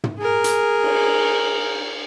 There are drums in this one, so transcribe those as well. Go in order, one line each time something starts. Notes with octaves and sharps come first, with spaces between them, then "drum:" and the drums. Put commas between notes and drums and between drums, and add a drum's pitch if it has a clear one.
drum: tom
G#4 A#4
drum: hi-hat
drum: cymbal